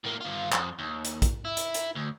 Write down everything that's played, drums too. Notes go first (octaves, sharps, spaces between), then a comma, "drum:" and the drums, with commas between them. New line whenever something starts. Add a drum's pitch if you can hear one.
A2 A#3
G2 F4
F2, drum: clap
D#2
drum: hi-hat
drum: kick, hi-hat
E4
drum: hi-hat
drum: hi-hat
D2